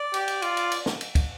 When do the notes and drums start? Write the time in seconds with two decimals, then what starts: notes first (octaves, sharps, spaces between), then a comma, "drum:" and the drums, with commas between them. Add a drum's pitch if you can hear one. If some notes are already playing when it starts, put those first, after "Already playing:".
Already playing: D5
0.14 G4, drum: cymbal
0.28 drum: cymbal
0.42 F4, drum: cymbal
0.57 drum: cymbal
0.71 drum: cymbal
0.86 drum: snare
1.01 drum: cymbal
1.15 drum: kick, cymbal